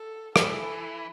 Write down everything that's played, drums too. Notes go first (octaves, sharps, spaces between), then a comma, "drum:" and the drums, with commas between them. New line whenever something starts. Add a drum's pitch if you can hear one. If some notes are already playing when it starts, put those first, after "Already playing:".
Already playing: A4
E3 A4, drum: rim click